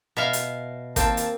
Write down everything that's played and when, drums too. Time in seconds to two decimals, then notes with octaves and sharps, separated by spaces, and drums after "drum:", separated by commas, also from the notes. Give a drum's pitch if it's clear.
0.17 B2 E5 F5
0.33 drum: hi-hat
0.96 D#2 A#3 C4 A#4 A5, drum: kick G#1, hi-hat
1.17 drum: hi-hat